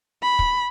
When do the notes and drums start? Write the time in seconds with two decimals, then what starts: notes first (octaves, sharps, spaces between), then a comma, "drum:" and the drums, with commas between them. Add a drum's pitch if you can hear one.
0.22 B5
0.39 drum: kick